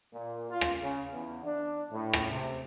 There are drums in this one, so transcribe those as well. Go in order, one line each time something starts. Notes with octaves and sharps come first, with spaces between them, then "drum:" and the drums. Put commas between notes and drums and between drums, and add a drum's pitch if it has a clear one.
A#2
F4
drum: rim click
C#3
E2
D4
A2
drum: rim click
C3